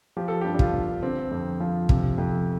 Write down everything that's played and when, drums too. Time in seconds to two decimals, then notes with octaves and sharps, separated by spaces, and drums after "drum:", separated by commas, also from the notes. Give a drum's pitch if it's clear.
0.17 F3 G4
0.28 A4
0.41 G4
0.44 G2
0.54 D4
0.59 F4, drum: kick
0.73 G2
1.03 D3 C4
1.31 F2
1.60 F3
1.89 C3, drum: kick
2.18 F2